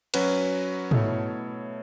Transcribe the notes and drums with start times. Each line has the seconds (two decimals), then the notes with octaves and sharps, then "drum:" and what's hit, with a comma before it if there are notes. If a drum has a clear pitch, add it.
0.14 F#3 C#4 F#4 B4, drum: cymbal
0.91 B2 A3 E4 A4 C#5, drum: tom